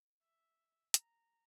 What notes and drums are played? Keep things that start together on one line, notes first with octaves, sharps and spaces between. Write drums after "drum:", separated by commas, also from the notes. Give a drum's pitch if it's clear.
E5
A#5, drum: hi-hat